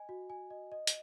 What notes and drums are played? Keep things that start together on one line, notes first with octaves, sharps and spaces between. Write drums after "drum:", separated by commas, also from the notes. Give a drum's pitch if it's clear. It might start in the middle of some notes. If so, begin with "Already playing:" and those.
Already playing: D#5 G#5
F#4
G#5
D#5
D#5
drum: hi-hat